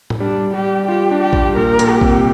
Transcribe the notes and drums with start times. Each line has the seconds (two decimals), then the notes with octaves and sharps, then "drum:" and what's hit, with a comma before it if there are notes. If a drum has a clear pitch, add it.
0.10 drum: tom A2
0.20 G3 D4
0.54 G3 G4
0.88 F4 G4
1.11 D4
1.22 G4
1.33 G3, drum: kick
1.56 A#2 A#4
1.79 A#2, drum: hi-hat
1.90 G4
2.01 C3, drum: kick